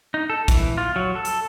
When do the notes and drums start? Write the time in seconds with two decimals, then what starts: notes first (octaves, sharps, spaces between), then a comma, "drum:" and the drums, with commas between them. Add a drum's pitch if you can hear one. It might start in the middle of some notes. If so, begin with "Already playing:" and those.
0.14 D#4
0.30 A4
0.48 E3, drum: kick A1, hi-hat
0.78 F4
0.96 F#3
1.15 A4
1.25 drum: hi-hat